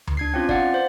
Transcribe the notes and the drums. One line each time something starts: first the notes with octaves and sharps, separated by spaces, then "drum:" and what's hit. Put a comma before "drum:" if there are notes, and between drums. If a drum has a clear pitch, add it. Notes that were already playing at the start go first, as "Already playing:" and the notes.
drum: tom D2
D4 G#6 C7
C4 C#4 F4
D5 F5 F#5, drum: kick
C5